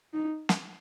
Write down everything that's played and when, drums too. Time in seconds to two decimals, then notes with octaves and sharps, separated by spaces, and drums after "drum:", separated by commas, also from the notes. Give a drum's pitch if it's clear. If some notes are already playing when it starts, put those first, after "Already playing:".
0.14 D#4
0.49 drum: snare